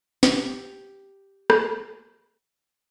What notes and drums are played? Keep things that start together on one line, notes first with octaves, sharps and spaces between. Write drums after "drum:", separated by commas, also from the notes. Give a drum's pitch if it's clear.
G4 A#5, drum: snare
drum: rim click